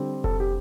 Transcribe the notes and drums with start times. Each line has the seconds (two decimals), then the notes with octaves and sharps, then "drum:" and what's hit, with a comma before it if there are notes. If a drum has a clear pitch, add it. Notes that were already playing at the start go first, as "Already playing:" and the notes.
Already playing: D3 G3 C4
0.24 A4, drum: kick F1
0.40 G4